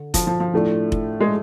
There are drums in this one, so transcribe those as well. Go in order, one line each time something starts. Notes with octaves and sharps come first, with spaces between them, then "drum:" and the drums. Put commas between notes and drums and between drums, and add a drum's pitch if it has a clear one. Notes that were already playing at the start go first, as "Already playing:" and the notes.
Already playing: D3
F3, drum: kick F1, hi-hat
F3
F3
A2 F3 A3 D4
drum: kick F1
G#3